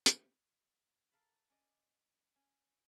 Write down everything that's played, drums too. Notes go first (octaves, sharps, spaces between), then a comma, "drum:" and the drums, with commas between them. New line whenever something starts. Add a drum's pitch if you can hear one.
drum: hi-hat
A4 A#4 F5 A5 B5
C#4 D5 D#5
C#4